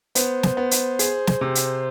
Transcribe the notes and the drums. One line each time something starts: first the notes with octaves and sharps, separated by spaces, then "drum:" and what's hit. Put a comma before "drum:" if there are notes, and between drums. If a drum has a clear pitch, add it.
B3 C5, drum: hi-hat
drum: snare
B3
drum: hi-hat
G#4, drum: hi-hat
drum: snare
C3
drum: hi-hat